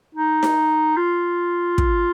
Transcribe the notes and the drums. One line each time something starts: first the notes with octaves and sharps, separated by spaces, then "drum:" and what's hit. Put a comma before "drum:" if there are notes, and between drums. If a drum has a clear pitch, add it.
D#4
drum: snare D#4
F4
drum: kick